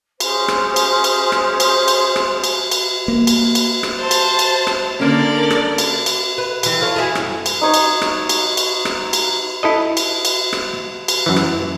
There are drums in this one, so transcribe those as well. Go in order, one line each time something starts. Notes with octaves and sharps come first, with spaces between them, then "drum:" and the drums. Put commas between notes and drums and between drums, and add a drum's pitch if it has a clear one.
C#4 G#4 C5 C6, drum: cymbal
drum: rim click
drum: cymbal
drum: cymbal
drum: rim click
drum: cymbal
drum: cymbal
drum: rim click
drum: cymbal
drum: cymbal
A#3
drum: cymbal
drum: cymbal
drum: rim click
C5 A5
drum: cymbal
drum: cymbal
drum: rim click
D3 A#3 C#4 A#4 D5
drum: rim click
drum: cymbal
drum: cymbal
B4
E3 G3, drum: cymbal
F4 A4 C#5
E4 F#4 G#4
G2, drum: rim click
drum: cymbal
D#4 C#5
drum: cymbal
drum: rim click
drum: cymbal
drum: cymbal
drum: rim click
drum: cymbal
E4 A4 D#5
drum: cymbal
drum: cymbal
drum: rim click
drum: cymbal
F#2 E3
drum: rim click